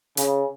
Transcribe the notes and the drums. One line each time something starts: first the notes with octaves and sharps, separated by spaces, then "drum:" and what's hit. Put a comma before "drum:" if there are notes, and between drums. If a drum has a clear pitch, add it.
C#3, drum: hi-hat